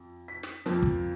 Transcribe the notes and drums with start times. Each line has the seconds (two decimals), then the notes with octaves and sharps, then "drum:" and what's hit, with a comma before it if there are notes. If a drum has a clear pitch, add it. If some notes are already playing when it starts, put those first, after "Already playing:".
Already playing: F2
0.28 B6
0.43 drum: snare
0.66 F2 F3 A#3, drum: hi-hat
0.82 drum: kick